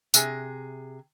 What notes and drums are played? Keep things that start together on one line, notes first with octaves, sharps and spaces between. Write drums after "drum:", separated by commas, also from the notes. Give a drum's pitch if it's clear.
C3 G#4, drum: tambourine